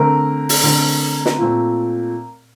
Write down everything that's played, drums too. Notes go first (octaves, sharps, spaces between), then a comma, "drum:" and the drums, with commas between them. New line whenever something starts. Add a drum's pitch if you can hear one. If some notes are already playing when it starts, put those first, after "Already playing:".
Already playing: D3 A3 C4 A#4
drum: open hi-hat
D3 A3 C4
drum: snare
A#2 A3 C4